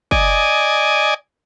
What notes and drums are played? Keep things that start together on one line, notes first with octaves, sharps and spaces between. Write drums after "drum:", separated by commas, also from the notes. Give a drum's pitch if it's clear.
D5 D#5 G#5, drum: kick F#1